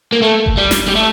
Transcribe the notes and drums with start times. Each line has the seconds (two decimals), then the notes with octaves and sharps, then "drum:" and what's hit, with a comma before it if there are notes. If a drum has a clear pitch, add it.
0.13 A#3
0.22 A3
0.46 drum: kick F#1
0.58 G3
0.71 drum: snare
0.88 G3
0.95 A3